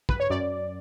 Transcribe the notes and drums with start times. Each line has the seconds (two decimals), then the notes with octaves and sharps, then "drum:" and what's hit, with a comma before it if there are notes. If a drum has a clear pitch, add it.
0.09 B4, drum: kick
0.20 C#5
0.30 F#2 D5